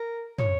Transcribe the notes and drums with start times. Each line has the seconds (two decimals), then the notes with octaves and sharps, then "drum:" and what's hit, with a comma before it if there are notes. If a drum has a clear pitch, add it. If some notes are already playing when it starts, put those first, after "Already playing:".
Already playing: A#4
0.39 C#5, drum: tom